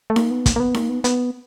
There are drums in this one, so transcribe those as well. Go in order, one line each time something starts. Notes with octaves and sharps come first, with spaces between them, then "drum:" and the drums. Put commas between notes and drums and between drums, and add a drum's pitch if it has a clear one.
A3
A#3, drum: snare D#4
B3
A#3, drum: kick, hi-hat
A#3
B3
A#3, drum: snare D#4
B3
B3, drum: hi-hat